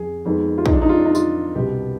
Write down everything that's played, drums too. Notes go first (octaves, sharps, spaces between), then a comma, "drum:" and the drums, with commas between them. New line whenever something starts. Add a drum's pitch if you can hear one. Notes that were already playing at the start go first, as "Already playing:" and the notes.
Already playing: F2 G#4
F2 D#3 G#3 B3
F4
D#4, drum: kick
D4
D#4
F4
D4
D#4
F4, drum: tambourine
C2 B2 B3 G4